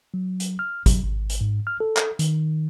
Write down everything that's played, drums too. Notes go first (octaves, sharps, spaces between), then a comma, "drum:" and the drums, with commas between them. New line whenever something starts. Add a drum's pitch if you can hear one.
F#3
drum: hi-hat
F6
F#3, drum: kick G#1, hi-hat
G#1
drum: hi-hat
G#2
F6
A4
drum: clap
D#3, drum: hi-hat